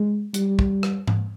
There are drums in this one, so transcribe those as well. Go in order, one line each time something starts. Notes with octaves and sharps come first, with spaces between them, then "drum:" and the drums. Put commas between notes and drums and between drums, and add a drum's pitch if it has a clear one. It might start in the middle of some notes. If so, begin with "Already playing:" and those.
Already playing: G#3
G3, drum: hi-hat
drum: kick
drum: rim click
drum: tom G#2